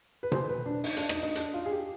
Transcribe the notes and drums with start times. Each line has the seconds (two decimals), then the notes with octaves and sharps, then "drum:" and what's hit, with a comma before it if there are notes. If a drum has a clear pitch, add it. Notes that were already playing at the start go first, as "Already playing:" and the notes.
0.23 B4
0.32 C5, drum: tom B2
0.49 B4
0.66 D4
0.84 D#4, drum: open hi-hat
0.97 D4, drum: hi-hat
1.09 D#4, drum: rim click
1.23 D#4
1.36 D4, drum: hi-hat
1.54 F4
1.66 G#4
1.72 G4